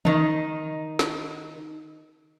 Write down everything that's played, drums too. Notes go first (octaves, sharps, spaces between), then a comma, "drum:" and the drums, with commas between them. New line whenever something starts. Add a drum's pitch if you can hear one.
D#3 D#4, drum: tom D#3
drum: snare